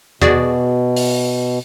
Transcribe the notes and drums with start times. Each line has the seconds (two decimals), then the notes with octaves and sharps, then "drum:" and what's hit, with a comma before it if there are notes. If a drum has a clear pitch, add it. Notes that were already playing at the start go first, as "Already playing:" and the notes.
0.22 B2 F#4 G#4 D5, drum: tom E2
0.96 drum: open hi-hat